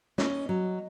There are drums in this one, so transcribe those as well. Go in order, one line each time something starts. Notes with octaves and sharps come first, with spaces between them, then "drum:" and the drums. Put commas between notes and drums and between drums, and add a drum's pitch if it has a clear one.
C#4 D#5, drum: snare
F#3